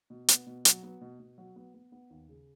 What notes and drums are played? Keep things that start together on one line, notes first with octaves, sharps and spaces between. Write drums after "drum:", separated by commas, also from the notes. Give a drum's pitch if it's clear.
B2
B3, drum: hi-hat
B2
F#3, drum: hi-hat
B3
B2
B2
F#3
B3
B3
B3
D#2
C#3